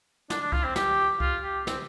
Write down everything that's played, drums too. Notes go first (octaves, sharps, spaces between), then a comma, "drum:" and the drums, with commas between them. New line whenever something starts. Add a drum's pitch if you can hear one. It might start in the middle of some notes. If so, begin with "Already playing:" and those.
D4, drum: snare
D4
F4, drum: kick C2
C4
G4, drum: snare
F4, drum: kick C2
G4
C4, drum: snare